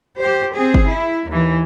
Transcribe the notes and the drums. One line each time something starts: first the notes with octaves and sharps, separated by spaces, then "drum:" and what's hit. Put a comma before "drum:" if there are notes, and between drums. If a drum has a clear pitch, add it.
G4 C5
C4 G#4
drum: kick G1
E4
D#2 E3